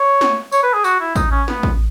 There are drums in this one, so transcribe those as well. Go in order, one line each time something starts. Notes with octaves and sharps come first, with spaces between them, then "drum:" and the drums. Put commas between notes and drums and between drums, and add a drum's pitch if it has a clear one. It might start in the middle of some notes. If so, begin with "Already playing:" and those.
Already playing: C#5
drum: snare
C#5, drum: tambourine
B4
G#4
F#4, drum: tambourine
E4
D#4, drum: kick, tambourine
C#4
B3, drum: snare
drum: kick